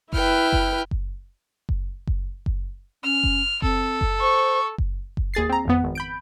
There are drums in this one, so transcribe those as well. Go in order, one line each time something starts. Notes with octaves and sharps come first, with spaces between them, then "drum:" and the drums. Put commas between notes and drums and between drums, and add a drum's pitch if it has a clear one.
E4 B4 G5 F6, drum: kick F#1
drum: kick F#1
drum: kick F#1
drum: kick F#1
drum: kick F#1
drum: kick F#1
C#4 F6
drum: kick F#1
C4 A4, drum: kick F#1
drum: kick F#1
C5 C#6
drum: kick F#1
drum: kick F#1
D#2 G#4 A6 C7
C4 A#5
G#1 F2 B3
G#1
B5 G6 D7